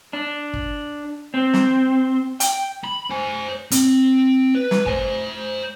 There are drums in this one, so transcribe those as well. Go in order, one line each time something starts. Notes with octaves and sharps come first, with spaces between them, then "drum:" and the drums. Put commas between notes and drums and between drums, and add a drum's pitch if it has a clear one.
D4
drum: kick G1
C4
drum: snare
G5, drum: hi-hat
B5
C5 G#5
C4, drum: hi-hat
B4
drum: snare
C5 G#5, drum: kick G1